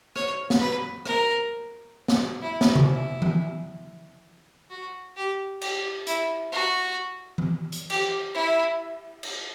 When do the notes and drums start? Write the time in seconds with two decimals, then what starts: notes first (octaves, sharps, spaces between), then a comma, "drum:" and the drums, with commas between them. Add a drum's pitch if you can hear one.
0.16 C#5, drum: rim click
0.50 drum: snare
0.60 B4
1.05 A#4, drum: rim click
2.08 drum: snare
2.42 E4
2.61 drum: snare
2.75 drum: tom C3
2.88 E4
3.22 drum: tom E3
4.70 F#4
5.16 G4
5.61 G4, drum: cymbal
6.07 E4, drum: hi-hat
6.53 F#4
7.38 drum: tom E3
7.72 drum: hi-hat
7.90 G4, drum: cymbal
8.34 E4
9.23 drum: cymbal